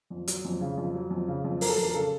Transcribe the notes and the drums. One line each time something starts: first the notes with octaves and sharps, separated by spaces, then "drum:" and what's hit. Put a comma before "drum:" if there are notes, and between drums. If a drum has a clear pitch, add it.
F2
F#3, drum: hi-hat
F2
C#3
F2
F#3
F2
C#3
F2
F#3 A#4, drum: open hi-hat
A4
F2 A#4
A#4
C#3 A4